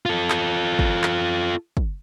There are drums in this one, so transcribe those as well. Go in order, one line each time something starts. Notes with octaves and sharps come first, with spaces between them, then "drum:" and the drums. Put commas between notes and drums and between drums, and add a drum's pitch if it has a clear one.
F4 A4
drum: clap
drum: kick
drum: clap
drum: kick